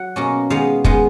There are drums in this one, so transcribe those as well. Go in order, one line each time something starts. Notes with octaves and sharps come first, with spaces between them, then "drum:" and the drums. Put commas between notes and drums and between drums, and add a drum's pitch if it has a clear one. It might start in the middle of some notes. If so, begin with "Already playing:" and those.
Already playing: F#3 F#5
B2 A#3 C#4
D#3 G#3 B3 F5
D#3 G#3 B3, drum: kick